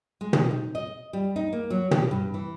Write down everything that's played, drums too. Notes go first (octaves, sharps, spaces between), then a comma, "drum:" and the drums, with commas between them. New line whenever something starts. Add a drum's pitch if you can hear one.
G#3
drum: tom
D#4
D#5
G3
D#4
A#3
F#3
G4, drum: tom
G2
E3